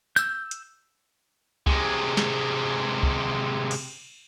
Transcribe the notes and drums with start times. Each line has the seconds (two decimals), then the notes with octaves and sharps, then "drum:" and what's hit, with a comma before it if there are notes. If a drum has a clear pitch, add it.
0.16 E6 G6, drum: tambourine
0.51 drum: hi-hat
1.66 C3 G#3, drum: kick C2
2.17 drum: snare
3.03 drum: kick C2
3.71 drum: cymbal